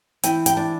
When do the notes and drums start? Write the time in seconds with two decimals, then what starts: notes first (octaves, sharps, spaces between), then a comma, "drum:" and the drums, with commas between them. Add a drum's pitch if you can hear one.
0.23 E3 G5, drum: hi-hat
0.46 G5, drum: hi-hat
0.57 D4